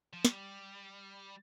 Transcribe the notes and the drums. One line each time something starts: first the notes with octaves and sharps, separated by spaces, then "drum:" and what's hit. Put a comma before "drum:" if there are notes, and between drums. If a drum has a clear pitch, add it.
F3
G3, drum: snare